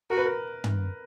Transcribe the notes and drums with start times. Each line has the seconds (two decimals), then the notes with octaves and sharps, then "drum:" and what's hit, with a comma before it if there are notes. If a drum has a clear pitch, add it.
0.10 F#4 A#4
0.17 B4
0.26 A#4
0.64 drum: tom